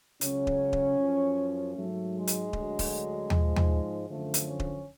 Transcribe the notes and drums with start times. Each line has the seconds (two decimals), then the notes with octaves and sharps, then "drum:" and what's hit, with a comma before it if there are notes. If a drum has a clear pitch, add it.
0.21 C#2 C#3 F#3 C#4, drum: hi-hat
0.47 drum: kick D#1
0.73 drum: kick D#1
0.98 F#2 F3
1.75 G#2 F#3 A3
2.14 G#3
2.27 drum: hi-hat
2.53 D2 D3 F#3, drum: kick D#1
2.79 drum: kick D#1, open hi-hat
3.30 G#2 F3, drum: tom
3.56 drum: tom
4.08 F#2 D3 F3 A3
4.34 drum: hi-hat
4.46 C#4
4.60 drum: kick D#1